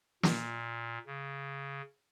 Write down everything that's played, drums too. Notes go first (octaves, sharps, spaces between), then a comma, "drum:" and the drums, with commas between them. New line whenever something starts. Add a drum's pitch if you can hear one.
A#2, drum: snare
C#3